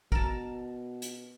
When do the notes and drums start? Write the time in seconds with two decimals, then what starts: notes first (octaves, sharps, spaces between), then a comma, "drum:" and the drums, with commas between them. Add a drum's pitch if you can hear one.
0.12 B2 A#4 A5, drum: kick
1.02 drum: hi-hat